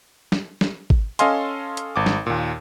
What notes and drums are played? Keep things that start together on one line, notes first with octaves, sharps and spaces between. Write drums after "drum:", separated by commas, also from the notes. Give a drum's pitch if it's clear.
drum: snare
drum: snare
drum: kick G#1
C#4 A4 D#5 F5 G#5 C6, drum: hi-hat
drum: hi-hat
G#1 D6
drum: snare
D#2 A#2